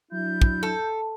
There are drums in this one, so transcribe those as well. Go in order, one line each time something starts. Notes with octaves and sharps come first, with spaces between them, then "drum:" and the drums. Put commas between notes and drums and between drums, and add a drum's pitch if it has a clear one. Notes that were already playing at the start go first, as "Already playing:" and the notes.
F#3 D4 E4 G6
drum: kick
A4